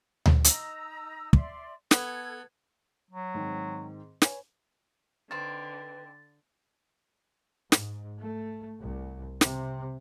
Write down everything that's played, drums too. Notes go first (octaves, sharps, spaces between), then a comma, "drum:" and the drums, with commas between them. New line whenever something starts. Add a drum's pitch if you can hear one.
drum: tom D2
D#4 A#5 E6, drum: hi-hat
D5 E5 C6, drum: kick
B3 A4 G#6, drum: snare
F#3
G#2 D#3 C4
B4 C#5 G#5, drum: snare
D3 D#3 C4 B4 A6
G#2, drum: snare
A3
C2
C3, drum: snare